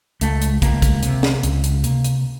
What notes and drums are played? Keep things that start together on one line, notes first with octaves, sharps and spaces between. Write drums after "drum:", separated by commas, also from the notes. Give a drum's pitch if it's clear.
C#2 A3, drum: hi-hat
drum: hi-hat
C#2 A#3, drum: kick, hi-hat
drum: kick, hi-hat
C3, drum: hi-hat
drum: snare
C#2, drum: hi-hat
drum: hi-hat
C3 A#3, drum: hi-hat
drum: hi-hat